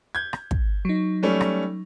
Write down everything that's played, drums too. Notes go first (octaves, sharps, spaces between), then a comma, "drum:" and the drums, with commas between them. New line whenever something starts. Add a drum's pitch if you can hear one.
G6 G#6
drum: rim click
drum: kick
F#3 D#4
G3 A3 C#4
drum: rim click